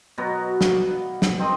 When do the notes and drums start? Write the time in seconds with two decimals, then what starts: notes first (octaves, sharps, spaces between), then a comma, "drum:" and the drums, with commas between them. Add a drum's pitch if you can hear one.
0.18 B2 F#3 B3 A#5
0.61 D5 F5, drum: snare
0.82 F#5
1.22 drum: snare
1.39 C4 D#4 A#4 D#5